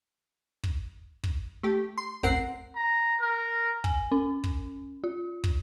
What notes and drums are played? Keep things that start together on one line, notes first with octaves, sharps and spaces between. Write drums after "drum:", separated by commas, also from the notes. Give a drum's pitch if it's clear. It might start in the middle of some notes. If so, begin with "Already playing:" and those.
drum: kick
drum: kick
A3 G4
C6
A1 C4 A#4 F#5 C7, drum: kick
A#5
A#4
G#5, drum: kick
C#4
drum: kick
F4
drum: kick